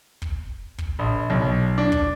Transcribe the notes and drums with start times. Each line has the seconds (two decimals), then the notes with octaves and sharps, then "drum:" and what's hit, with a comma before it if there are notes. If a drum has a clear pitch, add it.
0.22 drum: kick
0.78 drum: kick
0.99 A#1
1.30 B1
1.78 D4
1.92 drum: kick